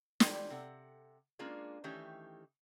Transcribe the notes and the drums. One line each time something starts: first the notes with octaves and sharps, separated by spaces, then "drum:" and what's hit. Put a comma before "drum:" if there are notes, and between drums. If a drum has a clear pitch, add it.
E3 G3 F4 A4 G5, drum: snare
C3 A4 F#5
G#3 A#3 C#4 D4 F4 G#4
D#3 E3 A3 C#4 G4